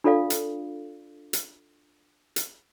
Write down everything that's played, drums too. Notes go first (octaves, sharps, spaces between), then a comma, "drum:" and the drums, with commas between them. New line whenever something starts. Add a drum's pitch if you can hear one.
D4 F4 A4 D5 F5
drum: hi-hat
drum: hi-hat
drum: hi-hat